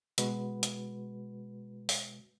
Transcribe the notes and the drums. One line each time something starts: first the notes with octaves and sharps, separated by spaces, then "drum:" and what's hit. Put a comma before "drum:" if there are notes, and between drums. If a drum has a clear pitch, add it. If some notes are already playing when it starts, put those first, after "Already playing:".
B2 G#3 F#4 B4, drum: hi-hat
drum: hi-hat
drum: open hi-hat